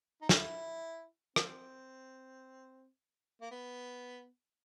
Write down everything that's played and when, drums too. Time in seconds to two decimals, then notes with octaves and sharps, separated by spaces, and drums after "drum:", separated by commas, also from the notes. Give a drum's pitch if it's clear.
0.22 D#4
0.29 E4, drum: snare
1.36 C4, drum: rim click
3.42 A#3
3.51 B3